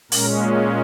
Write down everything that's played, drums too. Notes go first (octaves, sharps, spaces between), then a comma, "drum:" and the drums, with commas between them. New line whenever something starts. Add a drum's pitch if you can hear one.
A#2 G#3 C#4 A#4, drum: open hi-hat